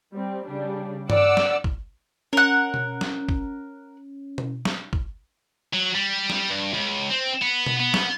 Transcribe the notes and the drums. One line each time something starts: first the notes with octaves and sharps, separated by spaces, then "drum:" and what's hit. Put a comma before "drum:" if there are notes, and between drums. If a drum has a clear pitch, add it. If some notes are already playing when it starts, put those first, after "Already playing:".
G3 C4
C#3 G3 D4
D5 F#5 D6 E6 F6, drum: tom G2
drum: snare
drum: kick
C#4 A#4 F#5
drum: tom B2
drum: snare
drum: kick
drum: tom B2
drum: snare
drum: kick
F#3
G3
drum: snare
G2
C#2
C4
B3
drum: tom B2
B3
drum: snare